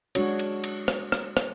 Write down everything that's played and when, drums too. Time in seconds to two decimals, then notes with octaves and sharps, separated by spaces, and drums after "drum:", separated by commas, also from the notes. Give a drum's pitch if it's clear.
0.15 G#3 D4 F#4 C#5, drum: cymbal
0.39 drum: cymbal
0.64 drum: cymbal
0.88 drum: rim click
1.12 drum: rim click
1.37 drum: rim click